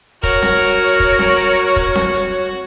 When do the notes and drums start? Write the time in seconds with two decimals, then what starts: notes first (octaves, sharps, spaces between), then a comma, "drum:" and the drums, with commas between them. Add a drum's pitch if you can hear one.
0.23 F#4 A#4 C#5, drum: kick, hi-hat
0.42 drum: snare C4
0.62 drum: hi-hat
1.00 drum: kick, hi-hat
1.19 drum: snare C4
1.38 drum: hi-hat
1.76 drum: kick, hi-hat
1.95 drum: snare C4
2.15 drum: hi-hat